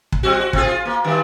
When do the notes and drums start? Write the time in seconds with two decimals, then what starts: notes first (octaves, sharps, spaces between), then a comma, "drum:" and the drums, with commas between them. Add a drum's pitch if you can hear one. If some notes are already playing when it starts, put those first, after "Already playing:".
0.12 drum: kick
0.23 G3 C4 F#4
0.40 F#4
0.53 C4 F4 G#4, drum: kick
0.67 F4
0.85 A#3
1.04 G2 D#3